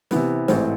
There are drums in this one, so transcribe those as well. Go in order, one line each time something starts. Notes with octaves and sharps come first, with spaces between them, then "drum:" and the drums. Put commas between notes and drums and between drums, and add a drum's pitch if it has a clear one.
C3 E3 B3, drum: snare
A1 G#2 E3 A3 C4, drum: snare